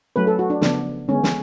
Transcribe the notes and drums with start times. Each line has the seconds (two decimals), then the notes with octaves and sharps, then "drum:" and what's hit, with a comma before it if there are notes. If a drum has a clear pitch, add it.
0.16 F#3 A3 C#4 B4
0.27 A4
0.39 F#4
0.50 D4
0.61 C#3 F3 B3 D4, drum: snare
1.08 D3 G#3 B3 C#4
1.24 drum: snare